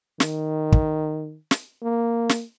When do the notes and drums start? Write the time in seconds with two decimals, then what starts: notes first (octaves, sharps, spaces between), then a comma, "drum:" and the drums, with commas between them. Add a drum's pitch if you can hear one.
0.20 D#3, drum: snare
0.72 drum: kick
1.51 drum: snare
1.82 A#3
2.29 drum: snare